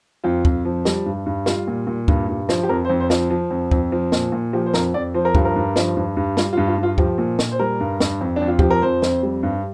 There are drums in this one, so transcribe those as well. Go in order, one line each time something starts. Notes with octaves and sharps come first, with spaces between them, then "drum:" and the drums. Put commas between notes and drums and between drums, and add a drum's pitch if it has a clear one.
F2 F4
F2, drum: kick
F3
G3, drum: snare
G2
G2
G3 F4, drum: snare
A#2
A#2
G2, drum: kick
G2
F3, drum: snare
G4
F2 A#4
C5
F2
C5
F3, drum: snare
F3
F2
F2, drum: kick
F3
A#2, drum: snare
A#2
F3 G4
C5
F2 A#4, drum: snare
F2 D5
F3 C5
A#4
G2 G4, drum: kick
A#4
G2
F3, drum: snare
G2
G2
G3 F4, drum: snare
F4
G2
F4
G2
F4
F3 G4, drum: kick
A#2
A#2, drum: snare
C5
G3 A#4
G2
G2, drum: snare
F2
D4
F2
F4
F3 G4, drum: kick
A#4
F2 C5
F2, drum: snare
G3
G2